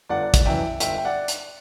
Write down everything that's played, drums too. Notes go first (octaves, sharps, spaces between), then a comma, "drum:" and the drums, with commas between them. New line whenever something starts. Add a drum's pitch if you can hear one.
G1 D5 F#5
drum: kick, hi-hat
F#2 E3 E5 G5
G1 E5 G5, drum: hi-hat
G5
D5 F#5
drum: hi-hat